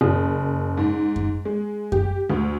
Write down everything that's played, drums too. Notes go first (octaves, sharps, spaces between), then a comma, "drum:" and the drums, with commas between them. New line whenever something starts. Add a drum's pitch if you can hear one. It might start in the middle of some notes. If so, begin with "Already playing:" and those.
F#1
G#2
drum: kick F#2
G#3
G4, drum: kick F#2
D2